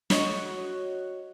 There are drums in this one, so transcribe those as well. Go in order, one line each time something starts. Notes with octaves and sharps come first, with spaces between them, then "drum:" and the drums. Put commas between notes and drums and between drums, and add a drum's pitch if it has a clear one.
F#4 C#5 D#5, drum: snare